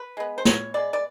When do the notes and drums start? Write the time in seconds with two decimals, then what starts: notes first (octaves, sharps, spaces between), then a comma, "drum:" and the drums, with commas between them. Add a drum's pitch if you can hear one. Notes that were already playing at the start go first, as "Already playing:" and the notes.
Already playing: B4
0.17 G#3 B3
0.38 C5
0.45 E3 C#5, drum: snare
0.74 G#3 B3 D5
0.93 D5